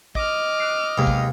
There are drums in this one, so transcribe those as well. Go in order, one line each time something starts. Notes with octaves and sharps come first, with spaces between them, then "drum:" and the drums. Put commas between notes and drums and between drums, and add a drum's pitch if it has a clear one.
D#5 D6 F6, drum: kick
F#6 C7 D7
D#2 C3 G#3 B3
drum: kick